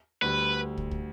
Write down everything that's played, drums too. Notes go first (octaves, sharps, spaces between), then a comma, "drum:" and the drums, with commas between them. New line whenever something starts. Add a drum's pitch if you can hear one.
D2 D3 G3 B4
drum: kick
drum: kick